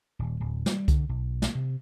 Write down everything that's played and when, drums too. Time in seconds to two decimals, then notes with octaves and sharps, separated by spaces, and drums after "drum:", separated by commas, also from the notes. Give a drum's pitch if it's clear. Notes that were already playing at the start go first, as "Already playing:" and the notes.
0.19 D#1
0.40 D1
0.66 G3, drum: snare
0.88 D3, drum: kick C2, hi-hat
1.09 B1
1.42 drum: snare
1.55 C3